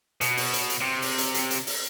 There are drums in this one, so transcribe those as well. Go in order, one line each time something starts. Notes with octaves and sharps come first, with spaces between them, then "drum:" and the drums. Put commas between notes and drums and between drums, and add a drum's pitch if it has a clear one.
B2, drum: hi-hat
drum: open hi-hat
drum: hi-hat
drum: hi-hat
C3
drum: open hi-hat
drum: hi-hat
drum: hi-hat
drum: hi-hat
drum: open hi-hat